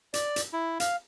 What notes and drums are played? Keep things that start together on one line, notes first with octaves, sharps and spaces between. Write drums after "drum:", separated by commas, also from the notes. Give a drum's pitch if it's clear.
D5, drum: hi-hat
drum: hi-hat
E4
F5, drum: hi-hat